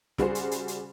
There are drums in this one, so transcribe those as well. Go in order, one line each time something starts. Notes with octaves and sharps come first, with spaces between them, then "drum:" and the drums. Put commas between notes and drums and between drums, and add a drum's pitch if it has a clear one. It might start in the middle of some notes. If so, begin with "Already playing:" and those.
C#3 G3 F#4 G#4 C5, drum: snare
drum: hi-hat
drum: hi-hat
drum: hi-hat